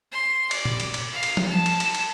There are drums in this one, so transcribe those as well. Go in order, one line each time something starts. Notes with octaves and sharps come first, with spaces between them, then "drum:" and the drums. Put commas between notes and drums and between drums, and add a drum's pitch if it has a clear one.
C6
D5, drum: cymbal
drum: tom A#2
drum: cymbal
drum: cymbal
F5
drum: cymbal
drum: tom F3
A5
drum: cymbal
drum: cymbal
drum: cymbal